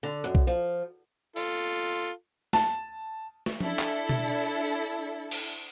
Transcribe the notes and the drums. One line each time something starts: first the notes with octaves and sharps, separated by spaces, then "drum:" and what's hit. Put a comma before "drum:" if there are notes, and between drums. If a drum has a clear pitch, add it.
D3
F#2
drum: kick B1
F3
F4 A4, drum: open hi-hat
A5, drum: snare
drum: snare
D4 E4 A4, drum: tom F3
drum: clap
drum: tom B2
drum: cymbal